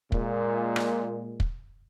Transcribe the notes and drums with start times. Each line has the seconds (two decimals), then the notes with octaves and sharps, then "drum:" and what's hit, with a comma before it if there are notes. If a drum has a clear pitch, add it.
0.12 A#2 G#3, drum: kick
0.76 drum: rim click
1.40 drum: kick